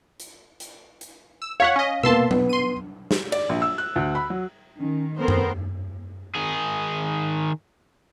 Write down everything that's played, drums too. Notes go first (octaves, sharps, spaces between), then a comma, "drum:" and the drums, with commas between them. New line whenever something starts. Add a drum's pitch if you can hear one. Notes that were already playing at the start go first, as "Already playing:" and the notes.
drum: hi-hat
drum: hi-hat
drum: hi-hat
E6
C#5 F5 F#5 B6
C#4 D#5
A#3 B3 A5 C6 E6, drum: tom B2
B3, drum: tom F#3
C6 D#7
drum: snare
D5, drum: cymbal
A#1
E6
F#6
D2
B5
F#3
D#3 C#4
B3 C4 A4 A#4 C5
drum: tom F#2
D#3 G#4